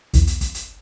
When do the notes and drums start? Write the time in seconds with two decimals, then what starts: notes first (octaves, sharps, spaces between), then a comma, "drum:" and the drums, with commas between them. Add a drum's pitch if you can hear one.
0.13 B1 E2, drum: hi-hat
0.27 drum: hi-hat
0.41 drum: kick G1, hi-hat
0.55 drum: hi-hat